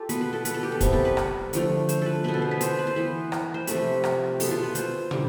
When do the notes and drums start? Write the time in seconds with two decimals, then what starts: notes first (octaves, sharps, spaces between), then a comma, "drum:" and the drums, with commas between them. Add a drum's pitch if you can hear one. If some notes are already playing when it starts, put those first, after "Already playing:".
Already playing: F4 G4 A4
0.09 B2 B3 B4, drum: hi-hat
0.21 B4
0.33 A4
0.45 B4, drum: hi-hat
0.54 A4
0.63 G4
0.72 A4
0.81 C3 G3 B3 B4, drum: kick, hi-hat
0.93 A4
1.05 B4
1.17 drum: rim click
1.53 D3 F3 A3, drum: hi-hat
1.89 C5, drum: hi-hat
2.02 A4 B4
2.24 B2 B3 B4
2.34 A4
2.42 C5
2.51 B4
2.61 C5, drum: hi-hat
2.79 B4
2.87 C5
2.96 E3 B3 B4
3.32 drum: rim click
3.54 C5
3.67 C3 F3 A3 B4, drum: hi-hat
4.04 drum: rim click
4.40 B2 B3 A4, drum: open hi-hat
4.51 F4
4.63 B4
4.75 C5, drum: hi-hat
5.11 D3 G3, drum: tom